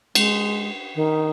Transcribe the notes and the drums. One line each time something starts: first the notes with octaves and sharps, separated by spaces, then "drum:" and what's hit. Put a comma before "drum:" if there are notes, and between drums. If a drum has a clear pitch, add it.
G#3, drum: cymbal
D#3